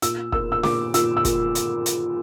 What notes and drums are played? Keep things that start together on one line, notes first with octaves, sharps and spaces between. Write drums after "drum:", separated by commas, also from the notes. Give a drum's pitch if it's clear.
A#2 E6, drum: hi-hat
A#3 E6, drum: kick
E6
A#2 D6, drum: snare
A#2 E6, drum: hi-hat
E6
A#2, drum: kick, hi-hat
drum: hi-hat
drum: hi-hat